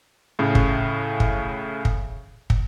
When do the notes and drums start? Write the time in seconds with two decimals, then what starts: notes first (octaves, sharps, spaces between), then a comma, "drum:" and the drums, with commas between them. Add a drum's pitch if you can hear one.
0.39 A2 C#3
0.55 drum: kick
1.20 drum: kick
1.85 drum: kick
2.50 drum: kick